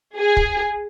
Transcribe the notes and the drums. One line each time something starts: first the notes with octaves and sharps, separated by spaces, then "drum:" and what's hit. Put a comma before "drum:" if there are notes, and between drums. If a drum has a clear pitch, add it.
G#4
drum: kick